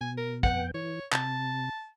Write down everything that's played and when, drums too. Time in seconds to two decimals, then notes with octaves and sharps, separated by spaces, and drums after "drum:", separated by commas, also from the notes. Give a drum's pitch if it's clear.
0.01 B2 G#5
0.17 A#4
0.43 F2 B3 F#5 G5, drum: kick
0.74 E3 C#5
1.12 C3 A5, drum: clap